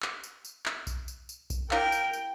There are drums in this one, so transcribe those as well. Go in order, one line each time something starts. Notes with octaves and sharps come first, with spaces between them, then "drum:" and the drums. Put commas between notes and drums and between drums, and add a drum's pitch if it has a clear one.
drum: clap
drum: tambourine
drum: tambourine
drum: clap
drum: kick B1, tambourine
drum: tambourine
drum: tambourine
drum: kick B1, tambourine
E4 A#4 C#5 F5 G5, drum: clap
drum: tambourine
drum: tambourine